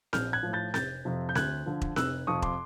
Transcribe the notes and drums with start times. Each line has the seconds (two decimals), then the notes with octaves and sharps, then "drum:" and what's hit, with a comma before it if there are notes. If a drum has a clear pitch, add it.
0.13 A#1 F6 G6, drum: snare C4
0.33 F#6 G#6
0.43 A2 F3
0.53 G6 A6
0.74 F1 G6 A6, drum: snare C4
1.05 F2 C3 F3
1.29 G6
1.35 D2 F#6 G#6, drum: snare C4
1.66 D3 F3
1.82 drum: kick E1
1.96 F1 E6 F#6, drum: snare C4
2.27 F2 C3 F3 C#6 D#6
2.42 C6 D6, drum: kick E1